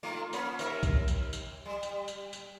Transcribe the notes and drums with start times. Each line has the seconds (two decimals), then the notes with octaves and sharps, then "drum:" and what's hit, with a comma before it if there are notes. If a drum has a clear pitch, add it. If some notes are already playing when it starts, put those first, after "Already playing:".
0.03 D#3 A3 F4
0.33 A#3 C#4, drum: tambourine
0.59 D#2 A#4 E5, drum: tambourine
0.83 drum: kick B1, tambourine
1.08 drum: tambourine
1.33 drum: tambourine
1.65 G3
1.83 drum: tambourine
2.08 drum: tambourine
2.33 drum: tambourine